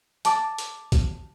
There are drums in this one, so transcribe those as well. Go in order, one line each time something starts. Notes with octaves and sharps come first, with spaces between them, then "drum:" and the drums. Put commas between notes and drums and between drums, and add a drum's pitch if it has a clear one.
A5 D6, drum: hi-hat
drum: hi-hat
drum: kick, hi-hat